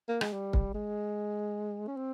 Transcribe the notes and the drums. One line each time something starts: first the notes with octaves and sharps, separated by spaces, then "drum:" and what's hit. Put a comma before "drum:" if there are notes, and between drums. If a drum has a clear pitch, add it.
A#3
G#3, drum: rim click
G3
drum: kick
G#3
C#4
C4